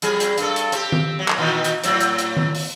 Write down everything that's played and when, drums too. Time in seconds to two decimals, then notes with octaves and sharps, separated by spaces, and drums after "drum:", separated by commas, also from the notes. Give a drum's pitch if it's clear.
0.02 F2 G3 G#4, drum: hi-hat
0.20 drum: hi-hat
0.38 G2 A4, drum: hi-hat
0.56 drum: hi-hat
0.72 C4 G4, drum: hi-hat
0.92 drum: tom D#3
1.19 F#3
1.28 drum: clap
1.38 A#2 D#3 E3
1.64 drum: hi-hat
1.84 A2 F#3 C4, drum: hi-hat
2.01 drum: hi-hat
2.19 drum: hi-hat
2.37 drum: tom D#3
2.55 drum: open hi-hat